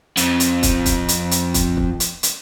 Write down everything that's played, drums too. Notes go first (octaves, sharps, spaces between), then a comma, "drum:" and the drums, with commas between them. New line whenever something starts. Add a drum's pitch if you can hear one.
F2 F3, drum: hi-hat
drum: hi-hat
drum: kick, hi-hat
drum: kick, hi-hat
drum: hi-hat
drum: hi-hat
drum: kick, hi-hat
drum: kick
drum: hi-hat
drum: hi-hat